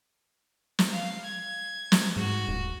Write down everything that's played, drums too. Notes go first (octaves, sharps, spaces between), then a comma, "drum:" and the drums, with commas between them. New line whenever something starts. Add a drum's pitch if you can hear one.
drum: snare
F5
G#6
drum: snare
G#2 F#4
D#1